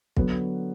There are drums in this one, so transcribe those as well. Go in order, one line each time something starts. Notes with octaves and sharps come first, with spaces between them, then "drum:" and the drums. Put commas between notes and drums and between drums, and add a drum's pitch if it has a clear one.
D3 F#3 B3, drum: kick